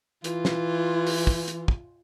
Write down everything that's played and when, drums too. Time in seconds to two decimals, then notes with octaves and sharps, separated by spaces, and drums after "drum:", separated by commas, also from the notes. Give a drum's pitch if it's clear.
0.24 E3 F4, drum: hi-hat
0.45 drum: snare
1.07 drum: open hi-hat
1.27 drum: kick
1.48 drum: hi-hat
1.68 drum: kick